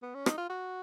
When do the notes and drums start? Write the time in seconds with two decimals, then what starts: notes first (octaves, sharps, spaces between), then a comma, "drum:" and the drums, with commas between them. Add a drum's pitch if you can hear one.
0.02 B3
0.15 C#4
0.26 D#4, drum: rim click
0.38 F4
0.50 F#4